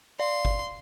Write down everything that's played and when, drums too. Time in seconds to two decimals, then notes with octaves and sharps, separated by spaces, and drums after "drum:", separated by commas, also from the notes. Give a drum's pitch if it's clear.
0.20 D5 F5 C6
0.45 drum: kick G1